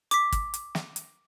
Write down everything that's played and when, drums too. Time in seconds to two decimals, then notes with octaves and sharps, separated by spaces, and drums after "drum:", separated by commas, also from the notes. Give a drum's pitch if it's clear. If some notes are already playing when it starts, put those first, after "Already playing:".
0.11 D6 B6, drum: hi-hat
0.32 drum: kick, hi-hat
0.54 drum: hi-hat
0.75 drum: snare
0.96 drum: hi-hat